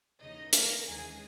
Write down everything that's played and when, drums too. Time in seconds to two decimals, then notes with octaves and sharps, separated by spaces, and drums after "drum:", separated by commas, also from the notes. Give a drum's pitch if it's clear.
0.21 D#2 C#3 E3 D#4 D#5
0.53 A#3 A#4, drum: hi-hat
0.85 D#2 C#3 E3 G#3 G#4